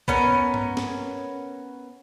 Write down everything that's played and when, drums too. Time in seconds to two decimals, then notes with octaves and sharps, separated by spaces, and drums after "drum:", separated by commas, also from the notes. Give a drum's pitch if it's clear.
0.08 B3 C#4 A#4, drum: kick A#1
0.54 drum: tom G2
0.77 drum: snare